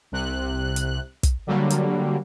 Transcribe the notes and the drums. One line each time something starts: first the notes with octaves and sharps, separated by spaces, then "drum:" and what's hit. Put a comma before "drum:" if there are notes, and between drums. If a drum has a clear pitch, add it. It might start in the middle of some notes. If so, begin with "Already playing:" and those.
C2 C3 F#6
drum: hi-hat
drum: kick, hi-hat
D3 F#3 G3 A#3
drum: hi-hat